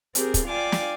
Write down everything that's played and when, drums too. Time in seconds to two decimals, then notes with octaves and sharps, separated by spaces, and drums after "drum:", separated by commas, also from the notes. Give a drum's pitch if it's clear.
0.15 C4 G4 G#4 A#4, drum: hi-hat
0.34 drum: kick, hi-hat
0.46 F4 D5 F5 G5 G#5 D6
0.72 drum: snare